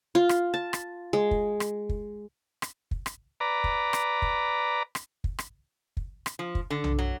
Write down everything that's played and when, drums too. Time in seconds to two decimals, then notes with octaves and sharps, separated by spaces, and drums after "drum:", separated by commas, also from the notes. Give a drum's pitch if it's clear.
0.15 F4
0.29 drum: rim click
0.54 A5
0.73 drum: rim click
1.13 G#3
1.31 drum: kick
1.60 drum: rim click
1.89 drum: kick
2.62 drum: rim click
2.91 drum: kick
3.06 drum: rim click
3.40 B4 D5 A#5
3.64 drum: kick
3.93 drum: rim click
4.22 drum: kick
4.95 drum: rim click
5.24 drum: kick
5.39 drum: rim click
5.97 drum: kick
6.26 drum: rim click
6.39 F3
6.55 drum: kick
6.70 D3
6.84 drum: tom B1
6.99 F#3